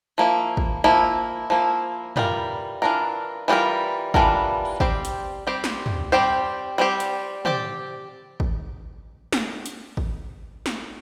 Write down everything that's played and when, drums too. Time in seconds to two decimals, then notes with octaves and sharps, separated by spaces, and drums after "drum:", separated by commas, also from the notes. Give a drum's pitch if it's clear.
0.18 F3 A#3 E4
0.57 drum: kick
0.84 F3 A#3 E4
1.50 F3 A#3 E4
2.16 E3 G3 D4 F4 A#4, drum: tom
2.82 E3 G3 D4 F4 A#4
3.48 E3 G3 D4 F4 A#4
4.14 E3 G3 D4 F4 A#4, drum: kick
4.80 G3 C4 G4 C5, drum: kick
5.05 drum: hi-hat
5.47 G3 C4 G4 C5
5.64 drum: snare
5.86 drum: tom
6.12 G3 C4 G4 C5
6.78 G3 C4 G4 C5
7.00 drum: hi-hat
7.45 C4 G4 D5, drum: tom
8.40 drum: kick
9.33 drum: snare
9.66 drum: hi-hat
9.97 drum: kick
10.66 drum: snare